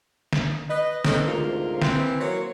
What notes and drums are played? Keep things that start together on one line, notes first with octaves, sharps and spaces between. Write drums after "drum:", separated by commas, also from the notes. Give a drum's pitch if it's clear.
drum: snare
B4 D#5
C4 C#4 D#4 A4 B4, drum: snare
D2 G#2 C3 F4 A#4
E3 C4, drum: snare
F#3 A#3 C4 C#5